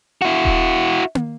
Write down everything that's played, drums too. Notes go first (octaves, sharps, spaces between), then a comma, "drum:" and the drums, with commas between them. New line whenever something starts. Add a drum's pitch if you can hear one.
E4 F#4
drum: kick D#1
drum: tom A#3